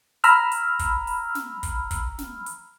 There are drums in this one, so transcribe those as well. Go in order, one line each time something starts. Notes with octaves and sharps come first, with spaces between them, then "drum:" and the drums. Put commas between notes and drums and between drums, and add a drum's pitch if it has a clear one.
A#5 B5 E6 F6, drum: hi-hat
drum: hi-hat
drum: kick, hi-hat
drum: open hi-hat
drum: snare
drum: kick, hi-hat
drum: kick, hi-hat
drum: snare
drum: hi-hat